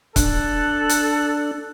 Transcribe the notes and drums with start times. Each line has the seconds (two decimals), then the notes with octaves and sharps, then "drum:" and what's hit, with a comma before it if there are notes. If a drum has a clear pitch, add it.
0.16 D4 A4 F#6, drum: kick C#1, hi-hat
0.89 drum: hi-hat